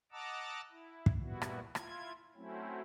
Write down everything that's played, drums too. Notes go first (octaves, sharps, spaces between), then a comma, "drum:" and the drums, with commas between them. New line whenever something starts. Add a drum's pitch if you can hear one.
D#5 F#5 A5 A#5 D6 E6
E4
drum: kick
A#2 G3 B3 E4 F#4
drum: rim click
E4 F4 G#6, drum: rim click
F#3 A3 C4 C#4 E4